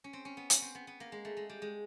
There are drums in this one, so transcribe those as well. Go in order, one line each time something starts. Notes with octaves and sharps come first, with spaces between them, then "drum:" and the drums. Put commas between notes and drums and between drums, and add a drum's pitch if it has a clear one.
C#4
C4
C#4
B3
C#4, drum: hi-hat
C4
B3
B3
A#3
G#3
A3
G#3
G3
G#3